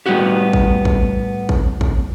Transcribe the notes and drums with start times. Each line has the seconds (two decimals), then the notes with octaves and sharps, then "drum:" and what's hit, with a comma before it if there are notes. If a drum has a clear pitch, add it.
0.06 A2 G3 B3 D4 F#4 G4
0.53 drum: kick A1
0.85 drum: kick A1
1.49 drum: kick A1
1.81 drum: kick A1